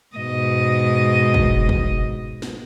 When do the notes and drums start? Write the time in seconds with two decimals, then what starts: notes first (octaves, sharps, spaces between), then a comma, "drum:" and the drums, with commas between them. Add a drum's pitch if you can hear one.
0.17 G#2 B2 D#5
1.34 drum: kick
1.69 drum: kick
2.42 drum: snare